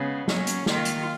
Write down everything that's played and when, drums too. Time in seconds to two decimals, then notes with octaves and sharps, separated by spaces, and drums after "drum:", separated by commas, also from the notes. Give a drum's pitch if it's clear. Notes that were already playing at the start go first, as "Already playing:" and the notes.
Already playing: C#3 G#3 B3
0.28 F#3 A#3 C#4, drum: snare
0.47 drum: hi-hat
0.66 D#3 A#3 F4, drum: snare
0.85 drum: hi-hat